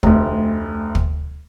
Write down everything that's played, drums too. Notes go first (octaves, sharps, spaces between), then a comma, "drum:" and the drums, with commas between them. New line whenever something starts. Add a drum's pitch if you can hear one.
F1 D2, drum: kick
drum: kick